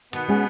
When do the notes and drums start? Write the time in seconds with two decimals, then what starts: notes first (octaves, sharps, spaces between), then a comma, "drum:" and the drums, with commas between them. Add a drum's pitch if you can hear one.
0.13 B2 D#3 B3, drum: hi-hat
0.28 G#3 C#4 G#4